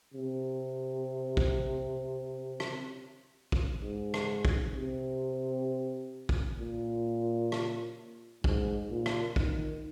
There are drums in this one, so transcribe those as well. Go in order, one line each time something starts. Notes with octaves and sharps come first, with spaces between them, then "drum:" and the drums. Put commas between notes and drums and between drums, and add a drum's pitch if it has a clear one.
C3
drum: kick
drum: rim click
drum: kick
G#2
drum: rim click
drum: kick
C3
drum: kick
A#2
drum: rim click
G#2, drum: kick
A#2
drum: rim click
D#3, drum: kick